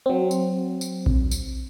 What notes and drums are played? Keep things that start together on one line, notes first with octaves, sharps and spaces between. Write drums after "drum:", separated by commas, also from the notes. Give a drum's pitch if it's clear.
F#3 C4
drum: tambourine
drum: tambourine
drum: kick A#1
drum: tambourine